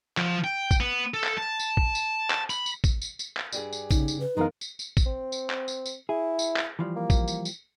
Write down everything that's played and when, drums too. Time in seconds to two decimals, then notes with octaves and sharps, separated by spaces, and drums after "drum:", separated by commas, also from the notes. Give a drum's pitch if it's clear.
0.17 F3, drum: clap
0.44 G5
0.71 drum: kick, tambourine
0.80 B3
1.14 A4
1.24 drum: clap
1.38 A5
1.60 drum: tambourine
1.77 drum: kick
1.95 drum: tambourine
2.31 drum: clap
2.50 B5, drum: tambourine
2.66 drum: tambourine
2.84 drum: kick, tambourine
3.02 drum: tambourine
3.19 drum: tambourine
3.37 drum: clap
3.52 G2 G4 G#4, drum: tambourine
3.73 drum: tambourine
3.91 C#3 D#4, drum: kick, tambourine
4.08 drum: tambourine
4.20 B4
4.37 F#2 E3 G#3 B3 D#4 A#4 F5
4.61 drum: tambourine
4.79 drum: tambourine
4.97 drum: kick, tambourine
5.06 C4
5.32 drum: tambourine
5.50 drum: clap
5.68 drum: tambourine
5.86 drum: tambourine
6.09 E4 G#4
6.39 drum: tambourine
6.57 drum: clap
6.79 E3 F3 G3
6.96 A#3
7.10 drum: kick, tambourine
7.28 drum: tambourine
7.45 drum: tambourine